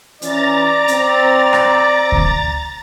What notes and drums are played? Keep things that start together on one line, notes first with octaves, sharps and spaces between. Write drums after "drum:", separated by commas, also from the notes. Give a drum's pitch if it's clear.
E3 C#4 D5 A#5 A6, drum: hi-hat
C4, drum: hi-hat
drum: rim click
drum: kick D2